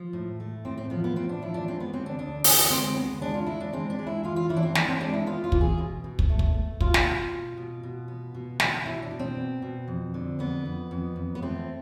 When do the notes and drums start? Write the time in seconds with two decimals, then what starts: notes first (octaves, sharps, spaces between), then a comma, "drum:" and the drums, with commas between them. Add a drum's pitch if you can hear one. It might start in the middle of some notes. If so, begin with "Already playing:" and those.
Already playing: F3
0.13 A2
0.40 A3
0.65 A2 C4
0.78 C4
0.90 F3 B3
1.04 B3
1.16 A2 C4
1.29 D4
1.42 F3 E4
1.54 D4
1.68 G#3 C4
1.80 B3
1.93 D3 C4
2.06 D4
2.19 D2 D4
2.44 D3 C4, drum: open hi-hat
2.70 G#3 C4
2.95 D2 B3
3.21 G#3 D4
3.34 F4
3.46 G#3 E4
3.60 D4
3.73 G#3 C4
3.90 D4
3.99 G#3
4.07 E4
4.23 E3 F4
4.36 F4
4.49 E3 E4
4.57 D4
4.62 C4
4.75 E3 D4, drum: snare
4.88 C4
5.00 G#3 D4
5.14 E4
5.26 B3 F4
5.44 F4
5.52 E3, drum: kick
5.61 G#4
5.78 B2
6.04 B2
6.19 drum: kick
6.29 A3
6.39 drum: kick
6.54 A3
6.81 B2 F4, drum: kick
6.94 drum: snare
7.07 B2
7.31 B2
7.57 B2
7.83 B2
8.08 B3
8.34 B2
8.60 B2, drum: snare
8.85 B2 E4
9.02 D4
9.11 B2
9.19 C4
9.37 B3
9.62 B2
9.88 F2
10.14 D3
10.39 F2 B3
10.66 F2
10.91 F2
11.16 F2
11.35 B3
11.42 A3 C4